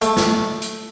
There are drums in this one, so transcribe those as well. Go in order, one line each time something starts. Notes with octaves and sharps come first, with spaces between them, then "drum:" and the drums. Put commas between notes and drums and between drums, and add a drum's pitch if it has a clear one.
A3, drum: hi-hat
drum: snare
drum: hi-hat